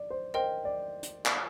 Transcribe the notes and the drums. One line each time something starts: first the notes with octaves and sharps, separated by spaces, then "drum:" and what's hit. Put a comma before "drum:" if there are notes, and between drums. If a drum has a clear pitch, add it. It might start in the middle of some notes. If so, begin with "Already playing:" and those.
Already playing: D5
C5
A#4 C5 D#5 G5
D5
drum: hi-hat
drum: clap